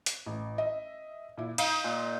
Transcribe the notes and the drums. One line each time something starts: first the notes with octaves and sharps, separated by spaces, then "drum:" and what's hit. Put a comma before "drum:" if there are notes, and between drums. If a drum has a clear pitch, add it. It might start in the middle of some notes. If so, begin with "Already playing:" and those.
drum: hi-hat
A1
D#5 E5
A#2 E4
D#4 F5, drum: cymbal
A#2